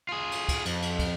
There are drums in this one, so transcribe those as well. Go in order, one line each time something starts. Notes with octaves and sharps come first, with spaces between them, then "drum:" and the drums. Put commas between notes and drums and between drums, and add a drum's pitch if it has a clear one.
F4 G#4
drum: cymbal
drum: kick, cymbal
F2, drum: cymbal
drum: cymbal
drum: kick, cymbal